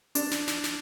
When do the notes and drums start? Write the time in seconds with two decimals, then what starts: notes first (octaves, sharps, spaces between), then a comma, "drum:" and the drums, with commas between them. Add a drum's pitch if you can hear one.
0.15 D4, drum: hi-hat
0.31 drum: snare
0.48 drum: snare
0.64 drum: snare